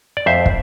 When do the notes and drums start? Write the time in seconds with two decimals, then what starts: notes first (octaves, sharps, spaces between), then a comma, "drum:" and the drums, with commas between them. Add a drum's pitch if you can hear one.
0.17 D5
0.26 F2 C5 E5
0.46 drum: kick